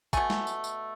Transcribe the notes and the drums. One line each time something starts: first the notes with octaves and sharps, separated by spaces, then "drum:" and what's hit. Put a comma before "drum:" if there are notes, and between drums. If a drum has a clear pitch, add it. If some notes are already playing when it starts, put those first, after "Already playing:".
B2 A3 G#5, drum: kick, tambourine
drum: snare
drum: tambourine
drum: tambourine